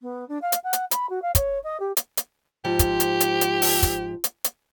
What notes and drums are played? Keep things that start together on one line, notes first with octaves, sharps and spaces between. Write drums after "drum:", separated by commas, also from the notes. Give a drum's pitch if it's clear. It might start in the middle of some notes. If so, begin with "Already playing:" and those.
B3
D4
F5
drum: hi-hat
F#5
drum: hi-hat
B5, drum: hi-hat
F#4
F5
C#5, drum: kick, hi-hat
D#5
G4
drum: hi-hat
drum: hi-hat
G#2 F3 G4
drum: kick, hi-hat
drum: hi-hat
drum: hi-hat
drum: hi-hat
drum: open hi-hat
drum: kick, hi-hat
drum: hi-hat
drum: hi-hat